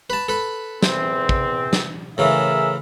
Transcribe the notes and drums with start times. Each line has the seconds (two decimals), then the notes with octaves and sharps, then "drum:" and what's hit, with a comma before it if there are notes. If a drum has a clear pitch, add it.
0.10 B4 A5
0.28 A4 B4
0.82 E2 C4, drum: snare
1.29 drum: kick
1.73 drum: snare
2.18 A2 C#3 E3 G#4 A#4 E5